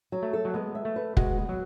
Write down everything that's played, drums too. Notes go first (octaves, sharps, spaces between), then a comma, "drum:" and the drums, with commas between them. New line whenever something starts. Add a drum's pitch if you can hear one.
F#3
A3
A4
F#3
G#3 B3
E5
A3
B4
G#3 F#4, drum: kick
B3
F#3